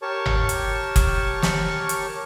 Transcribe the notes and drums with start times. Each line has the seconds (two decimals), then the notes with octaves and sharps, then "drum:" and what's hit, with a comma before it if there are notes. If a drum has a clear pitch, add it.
0.02 G4 A#4 C#5 A5 C#6
0.26 drum: tom G1
0.49 drum: hi-hat
0.96 drum: kick F#1, hi-hat
1.42 drum: snare
1.89 drum: hi-hat